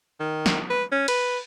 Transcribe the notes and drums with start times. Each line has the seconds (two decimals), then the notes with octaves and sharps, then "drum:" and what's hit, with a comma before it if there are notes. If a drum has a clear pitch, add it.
0.20 D#3
0.46 drum: snare
0.70 B4
0.92 C#4
1.08 B4, drum: cymbal